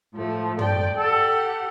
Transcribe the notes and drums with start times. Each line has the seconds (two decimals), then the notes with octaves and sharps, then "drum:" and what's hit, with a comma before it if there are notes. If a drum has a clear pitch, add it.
0.14 A2 F3 A3
0.59 D5 G5, drum: tom
0.97 G4 A4 F#5